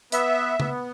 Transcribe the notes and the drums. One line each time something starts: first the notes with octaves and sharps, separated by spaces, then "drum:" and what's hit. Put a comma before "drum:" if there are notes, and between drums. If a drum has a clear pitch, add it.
B3 E5, drum: hi-hat
B3, drum: tom C#3